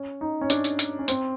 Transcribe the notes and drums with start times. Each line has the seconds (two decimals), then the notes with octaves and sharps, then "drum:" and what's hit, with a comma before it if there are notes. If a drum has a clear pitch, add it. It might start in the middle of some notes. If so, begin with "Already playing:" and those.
Already playing: C#4
0.21 D#4
0.41 C#4
0.50 D4, drum: hi-hat
0.64 drum: hi-hat
0.79 drum: hi-hat
0.99 C#4
1.08 C4, drum: hi-hat